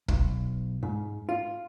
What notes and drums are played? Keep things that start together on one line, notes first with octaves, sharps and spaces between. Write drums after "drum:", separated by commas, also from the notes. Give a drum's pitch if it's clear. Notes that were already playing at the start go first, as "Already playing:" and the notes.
B1, drum: kick
G#2
F4